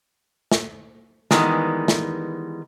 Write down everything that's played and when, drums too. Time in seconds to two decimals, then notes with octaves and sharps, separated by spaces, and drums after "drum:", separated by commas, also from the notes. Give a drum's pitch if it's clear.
0.52 drum: snare
1.31 D#3 E3 G3 G#3 B3, drum: snare
1.88 drum: snare